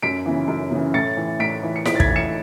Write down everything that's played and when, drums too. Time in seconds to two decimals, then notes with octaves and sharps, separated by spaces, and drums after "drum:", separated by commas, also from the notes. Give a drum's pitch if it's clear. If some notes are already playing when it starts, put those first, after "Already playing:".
0.03 F#2 B6 D7
0.26 C#3 E3
0.48 F#2
0.71 C#3 E3
0.94 A2 A6 C#7
1.17 E3
1.39 A2 B6 D7
1.63 E3
1.76 C#7
1.85 A2 B6 D7, drum: snare E4
1.96 A6
2.00 G#6 B6, drum: kick
2.08 E3
2.16 C#7 E7